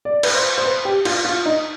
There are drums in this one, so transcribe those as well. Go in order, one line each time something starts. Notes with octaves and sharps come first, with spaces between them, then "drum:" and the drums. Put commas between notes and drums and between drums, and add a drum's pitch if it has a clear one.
D5
B4, drum: cymbal
C5
C5
B4
G4
F4, drum: cymbal
F4
D#4